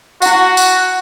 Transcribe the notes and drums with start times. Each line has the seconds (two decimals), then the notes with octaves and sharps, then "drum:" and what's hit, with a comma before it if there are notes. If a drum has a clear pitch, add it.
0.22 E4 F#4 F#5, drum: tambourine
0.57 drum: tambourine